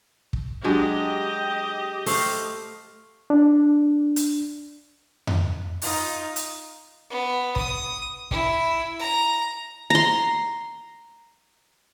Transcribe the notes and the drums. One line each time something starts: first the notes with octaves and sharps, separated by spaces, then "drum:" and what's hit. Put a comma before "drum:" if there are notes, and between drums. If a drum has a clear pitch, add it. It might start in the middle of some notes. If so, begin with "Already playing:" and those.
drum: kick
F#3 G#3 D4 G4 D#5
A3 C5 F5, drum: open hi-hat
D4
drum: hi-hat
drum: tom F2
D#4 F4, drum: open hi-hat
drum: hi-hat
B3
D#6, drum: kick
E4, drum: kick
A#5
A#5 C6